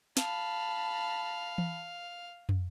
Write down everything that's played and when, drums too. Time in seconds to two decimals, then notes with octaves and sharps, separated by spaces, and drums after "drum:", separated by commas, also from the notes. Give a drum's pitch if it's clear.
0.17 F5 A5 B5, drum: snare
1.58 drum: tom E3
2.49 drum: tom